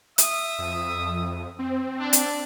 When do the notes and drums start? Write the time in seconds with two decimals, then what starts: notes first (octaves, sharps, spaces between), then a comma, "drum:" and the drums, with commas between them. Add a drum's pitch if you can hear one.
0.18 E5 D#6, drum: hi-hat
0.59 F2
1.59 C4
1.99 D4
2.13 drum: hi-hat